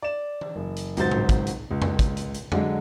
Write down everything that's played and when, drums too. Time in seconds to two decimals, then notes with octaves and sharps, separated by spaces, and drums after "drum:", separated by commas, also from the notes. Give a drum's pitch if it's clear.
0.02 D5 E7
0.41 drum: tom E3
0.55 F#1
0.76 drum: hi-hat
0.97 G#1 C#2 F#3 F#4 C5 A6, drum: hi-hat
1.11 drum: tom A2
1.29 drum: kick, hi-hat
1.47 drum: hi-hat
1.71 C#2
1.82 drum: tom F2
1.99 drum: kick, hi-hat
2.17 drum: hi-hat
2.34 drum: hi-hat
2.52 D3 F#3 G#3, drum: tom F2